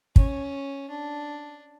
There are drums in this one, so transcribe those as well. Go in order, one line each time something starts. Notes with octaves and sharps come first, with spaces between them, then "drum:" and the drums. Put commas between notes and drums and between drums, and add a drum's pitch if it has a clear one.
C#4, drum: kick
D4